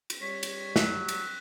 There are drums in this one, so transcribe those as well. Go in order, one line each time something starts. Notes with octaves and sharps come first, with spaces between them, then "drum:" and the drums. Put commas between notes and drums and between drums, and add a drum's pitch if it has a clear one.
drum: cymbal
G3 C#5 B6
drum: cymbal
F#3 F#6, drum: snare
drum: cymbal